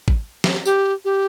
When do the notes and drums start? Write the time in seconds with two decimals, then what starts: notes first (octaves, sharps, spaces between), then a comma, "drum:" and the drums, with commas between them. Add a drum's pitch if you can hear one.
0.08 drum: kick
0.44 drum: snare
0.65 G4, drum: tambourine
1.05 G4